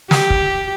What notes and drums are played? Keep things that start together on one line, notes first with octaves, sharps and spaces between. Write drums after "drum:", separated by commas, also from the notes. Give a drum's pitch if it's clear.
G4, drum: snare
drum: kick